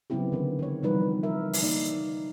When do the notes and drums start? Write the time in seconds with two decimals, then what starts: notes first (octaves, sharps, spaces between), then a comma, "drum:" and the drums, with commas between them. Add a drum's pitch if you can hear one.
0.10 C#3 F#3 B3 C4 E4 G4
0.32 D3 D#3
0.59 D#3 C#5
0.83 C3 E3 F3 G3 D#4 B4
1.23 A#4 E5
1.53 drum: open hi-hat
1.63 A#3 D#4 D5